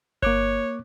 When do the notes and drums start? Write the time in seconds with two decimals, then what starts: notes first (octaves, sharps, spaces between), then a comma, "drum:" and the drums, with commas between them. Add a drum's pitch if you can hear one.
0.22 A#3 C#5 D6 F#6, drum: kick G1